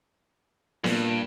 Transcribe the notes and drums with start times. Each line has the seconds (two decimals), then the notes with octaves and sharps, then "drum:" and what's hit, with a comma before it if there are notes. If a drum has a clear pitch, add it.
0.84 G2 A#2, drum: snare B3